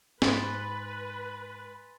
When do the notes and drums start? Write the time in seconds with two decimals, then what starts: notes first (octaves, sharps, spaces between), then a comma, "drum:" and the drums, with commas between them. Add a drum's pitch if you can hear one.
0.22 G#2 B4 G#5 C6 A6, drum: snare